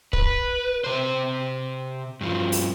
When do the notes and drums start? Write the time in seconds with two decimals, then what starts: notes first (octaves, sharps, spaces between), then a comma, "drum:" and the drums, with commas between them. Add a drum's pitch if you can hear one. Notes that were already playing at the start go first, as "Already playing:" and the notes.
0.13 B4, drum: kick
0.84 C3 C5
2.21 G2 F3
2.52 drum: open hi-hat